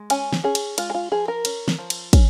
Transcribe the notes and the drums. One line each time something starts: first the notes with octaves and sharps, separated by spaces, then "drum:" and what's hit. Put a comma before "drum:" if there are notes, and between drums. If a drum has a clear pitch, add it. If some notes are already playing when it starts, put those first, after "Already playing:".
Already playing: G#3
C#4 G#5, drum: cymbal
drum: snare
C#4 G#4
drum: cymbal
G#3 F4, drum: cymbal
G#4
F4
F3 G#4
A#4
C#4, drum: cymbal
drum: snare
F3
drum: cymbal
C#4, drum: kick, cymbal